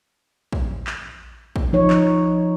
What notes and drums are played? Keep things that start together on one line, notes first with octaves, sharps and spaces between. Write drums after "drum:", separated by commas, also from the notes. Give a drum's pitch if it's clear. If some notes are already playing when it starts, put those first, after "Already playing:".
drum: kick
drum: clap
drum: kick
F3 D#4 C#5
drum: clap